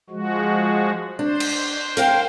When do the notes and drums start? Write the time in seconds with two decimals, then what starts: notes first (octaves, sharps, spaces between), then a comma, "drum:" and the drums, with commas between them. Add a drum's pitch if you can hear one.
0.10 F3 G#3 F#4
1.19 D4 C5
1.40 drum: cymbal
1.97 A#4 F5 G5, drum: hi-hat